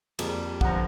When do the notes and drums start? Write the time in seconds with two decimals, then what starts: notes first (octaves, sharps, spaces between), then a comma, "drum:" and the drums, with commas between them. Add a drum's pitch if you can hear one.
0.19 F2 G3 A#3 G#4, drum: cymbal
0.61 G2 D3 F3 F#5 A#5, drum: kick